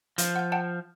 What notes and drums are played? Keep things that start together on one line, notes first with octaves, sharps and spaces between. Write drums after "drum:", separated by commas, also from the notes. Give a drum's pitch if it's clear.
F3, drum: hi-hat
F#5 G6
F#5 G5 A5